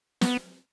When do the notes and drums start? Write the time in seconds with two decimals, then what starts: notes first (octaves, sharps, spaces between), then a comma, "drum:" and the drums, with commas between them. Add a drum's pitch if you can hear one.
0.21 B3, drum: snare